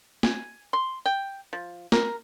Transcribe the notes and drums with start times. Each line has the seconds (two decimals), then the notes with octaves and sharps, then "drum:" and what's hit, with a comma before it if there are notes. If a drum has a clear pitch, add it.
0.23 G#5, drum: snare
0.73 C6
1.06 G5
1.53 F3
1.92 A#4, drum: snare